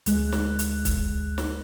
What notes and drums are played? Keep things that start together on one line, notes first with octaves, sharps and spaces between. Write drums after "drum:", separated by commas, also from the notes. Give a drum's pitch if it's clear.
D2 G#3 F#6, drum: hi-hat
drum: snare
drum: hi-hat
drum: kick C#1, hi-hat
drum: snare